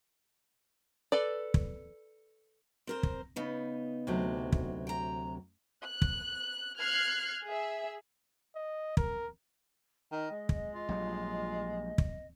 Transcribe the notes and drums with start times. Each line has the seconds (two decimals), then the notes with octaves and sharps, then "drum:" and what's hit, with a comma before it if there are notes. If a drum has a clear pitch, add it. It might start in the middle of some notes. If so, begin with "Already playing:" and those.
1.12 A4 B4 D5
1.54 drum: kick
2.87 C4 A#4 C5
3.03 drum: kick
3.36 C#3 B3 D#4
4.07 D2 C3 F#3
4.52 drum: kick
4.87 G5 A#5
5.84 F#6
6.02 drum: kick
6.79 F6 F#6 G#6 C7
7.47 G#4 E5
8.56 D#5
8.97 A#4, drum: kick
10.12 D#3 D#5
10.31 G#3
10.49 drum: kick
10.74 F4
10.89 A#1 F#3 G3
11.98 drum: kick